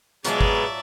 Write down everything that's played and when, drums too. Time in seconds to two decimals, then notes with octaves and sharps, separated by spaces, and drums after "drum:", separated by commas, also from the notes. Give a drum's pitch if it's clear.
0.25 B2 F#3 G#3 F4 G#4 D5 E5 A5, drum: hi-hat
0.41 drum: kick